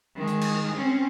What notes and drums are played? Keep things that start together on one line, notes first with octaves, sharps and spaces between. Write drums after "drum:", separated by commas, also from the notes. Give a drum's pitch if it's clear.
D#3 G#3
drum: hi-hat
drum: cymbal
C4 C#4